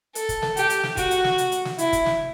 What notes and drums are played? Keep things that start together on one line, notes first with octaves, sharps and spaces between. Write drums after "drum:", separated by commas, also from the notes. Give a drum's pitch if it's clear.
A4, drum: hi-hat
drum: kick, hi-hat
drum: snare
G4, drum: hi-hat
drum: hi-hat
drum: snare
F#4, drum: kick, hi-hat
drum: hi-hat
drum: snare
drum: hi-hat
drum: hi-hat
drum: snare
E4, drum: hi-hat
drum: kick, hi-hat
drum: snare